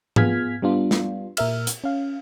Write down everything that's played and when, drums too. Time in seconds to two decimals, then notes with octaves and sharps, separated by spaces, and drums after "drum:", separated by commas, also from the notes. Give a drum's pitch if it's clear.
0.16 B3 F4 G#4 F6 G#6 B6, drum: tom G#2
0.62 G3 B3 D4 F4
0.91 drum: snare
1.37 A#2 A#4 E5 F6, drum: cymbal
1.67 drum: hi-hat
1.84 C#4 F5